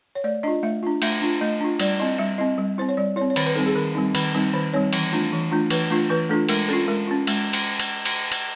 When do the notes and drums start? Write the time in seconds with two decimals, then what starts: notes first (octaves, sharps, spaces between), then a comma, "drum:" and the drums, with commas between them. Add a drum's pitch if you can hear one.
0.15 C#5
0.24 A3 D5
0.43 D4 F4 D#5
0.63 A3 E5
0.83 D4 F4
1.02 A3 E5, drum: cymbal
1.22 D4 F4
1.41 A3 D#5
1.61 D4 F4
1.79 G3 D5, drum: cymbal
2.00 C4 E4 D#5
2.19 G3 E5
2.38 C4 E4 D#5
2.58 G3
2.78 C4 E4 C5
2.89 C#5
2.97 G3 D5
3.16 E4 C#5
3.22 C4
3.30 C#5
3.36 D#3 C5, drum: cymbal
3.46 B4
3.55 G3 C4 D#4 A4
3.66 G#4
3.75 D#3 A#4
3.95 G3 C4 D#4
4.15 D#3, drum: cymbal
4.35 G3 C4 D#4
4.53 D#3 C5
4.73 G3 C4 D#4 C#5
4.93 E3, drum: cymbal
5.12 A3 D4 F4
5.32 E3
5.51 A3 D4 F4
5.70 E3 B4, drum: cymbal
5.91 A3 D4 F4
6.10 E3 B4
6.29 A3 D4 F4 A4
6.49 G#3 A#4, drum: cymbal
6.68 C#4 F4 A4
6.88 G#3 A#4
7.07 C#4 F4
7.27 G#3, drum: cymbal
7.53 drum: cymbal
7.79 drum: cymbal
8.06 drum: cymbal
8.32 drum: cymbal